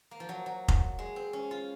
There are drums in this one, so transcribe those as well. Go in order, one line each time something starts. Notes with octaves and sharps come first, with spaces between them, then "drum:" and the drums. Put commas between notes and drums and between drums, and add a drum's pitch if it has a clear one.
A#3
F3
F#3
F#3
drum: kick F1
G#3
C4
C#4
F4